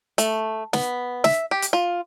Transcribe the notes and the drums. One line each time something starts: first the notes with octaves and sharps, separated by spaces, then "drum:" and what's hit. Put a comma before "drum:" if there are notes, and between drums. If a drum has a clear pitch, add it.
A3, drum: hi-hat
B3, drum: snare
E5, drum: snare
G4
drum: hi-hat
F4